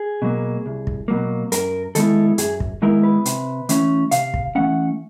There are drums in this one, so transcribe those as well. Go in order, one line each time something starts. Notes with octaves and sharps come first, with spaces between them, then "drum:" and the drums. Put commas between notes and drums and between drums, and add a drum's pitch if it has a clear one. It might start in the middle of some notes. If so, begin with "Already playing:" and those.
Already playing: G#4
B2 F#3 A#3
C2
drum: kick
B2 F#3 A#3
F#2 A#4, drum: hi-hat
D#3 G#3 B3 E4 A4, drum: hi-hat
F#2 G#4, drum: hi-hat
drum: kick
D#3 G#3 B3 E4 A#4
B4
C3, drum: hi-hat
E3 A3 C#4, drum: hi-hat
C3 F5, drum: hi-hat
drum: kick
E3 A3 C#4 F#5